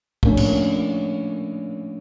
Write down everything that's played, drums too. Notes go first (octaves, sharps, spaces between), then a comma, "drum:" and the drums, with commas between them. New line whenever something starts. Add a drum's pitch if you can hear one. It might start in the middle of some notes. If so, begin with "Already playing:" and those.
F3 A3 A#3 C#4 D4, drum: kick
drum: cymbal